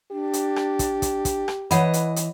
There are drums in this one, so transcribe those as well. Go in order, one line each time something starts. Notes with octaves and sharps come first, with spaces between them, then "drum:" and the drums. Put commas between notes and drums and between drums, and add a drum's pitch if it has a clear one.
D4 G4
drum: hi-hat
drum: rim click
drum: kick, hi-hat
drum: kick, hi-hat
drum: kick, hi-hat
drum: rim click
E3 B4 C#5 D#5 F#5 B5, drum: hi-hat
drum: hi-hat
drum: hi-hat